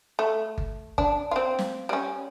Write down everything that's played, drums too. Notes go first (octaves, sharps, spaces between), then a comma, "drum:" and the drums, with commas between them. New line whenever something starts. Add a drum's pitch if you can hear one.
A3
drum: kick G1
D4, drum: kick G1
C4 F4
drum: snare
G3 C#4